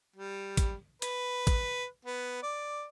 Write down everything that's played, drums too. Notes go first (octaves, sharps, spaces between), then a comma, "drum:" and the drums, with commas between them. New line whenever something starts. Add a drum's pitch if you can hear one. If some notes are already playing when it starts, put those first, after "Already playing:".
G3
drum: kick, hi-hat
B4, drum: hi-hat
drum: kick, hi-hat
B3
D5